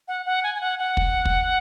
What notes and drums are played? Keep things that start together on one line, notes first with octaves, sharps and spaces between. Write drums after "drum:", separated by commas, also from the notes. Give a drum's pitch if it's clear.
F#5
F#5
G#5
G#5
F#5
F#5
drum: kick
drum: kick